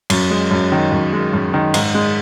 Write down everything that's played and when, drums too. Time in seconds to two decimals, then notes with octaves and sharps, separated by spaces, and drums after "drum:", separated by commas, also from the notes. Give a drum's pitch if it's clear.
0.10 F#2, drum: cymbal
0.31 G#3
0.51 F#2
0.72 D#3
0.92 F#2
1.13 G#3
1.33 F#2
1.54 D#3
1.74 G#2, drum: cymbal
1.95 G#3